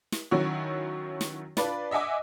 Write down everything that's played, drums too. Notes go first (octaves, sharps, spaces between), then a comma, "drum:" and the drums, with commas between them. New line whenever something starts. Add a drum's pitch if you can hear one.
drum: snare
D#3 F#3 C#4 E4 F#4
drum: snare
D4 F4 B4 D5, drum: snare
D#5 E5 F#5 G#5 D6